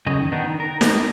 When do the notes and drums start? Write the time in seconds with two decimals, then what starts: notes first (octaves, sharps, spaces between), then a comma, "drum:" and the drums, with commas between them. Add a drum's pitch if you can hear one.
0.06 F#2 C#3 F#3 C#4 D#5
0.20 D#3
0.32 D#3 B3 D4 D#4
0.46 D#3
0.60 A#4
0.81 A#3 B3 D4 D#4 A#4, drum: snare